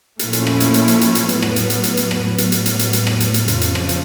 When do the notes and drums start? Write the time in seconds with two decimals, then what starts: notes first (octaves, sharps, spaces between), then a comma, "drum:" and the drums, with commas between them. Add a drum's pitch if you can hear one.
0.19 A#2 F3 A3 C#4 E4, drum: hi-hat
0.33 drum: hi-hat
0.47 drum: rim click
0.60 drum: hi-hat
0.74 drum: hi-hat
0.88 drum: hi-hat
1.01 drum: hi-hat
1.15 drum: hi-hat
1.29 A2 F#3 B3, drum: hi-hat
1.42 drum: rim click
1.56 drum: hi-hat
1.70 drum: hi-hat
1.83 drum: hi-hat
1.97 drum: hi-hat
2.11 drum: rim click
2.38 A2 F#3 B3, drum: hi-hat
2.52 drum: hi-hat
2.66 drum: hi-hat
2.79 drum: hi-hat
2.93 drum: hi-hat
3.07 drum: rim click
3.20 drum: hi-hat
3.34 drum: hi-hat
3.48 F2 C#3 F3, drum: hi-hat
3.61 drum: hi-hat
3.75 drum: rim click
3.89 drum: hi-hat